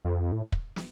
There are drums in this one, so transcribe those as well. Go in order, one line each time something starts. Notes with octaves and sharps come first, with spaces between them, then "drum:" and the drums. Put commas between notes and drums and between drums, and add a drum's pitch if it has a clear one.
F2
A2
drum: kick
drum: snare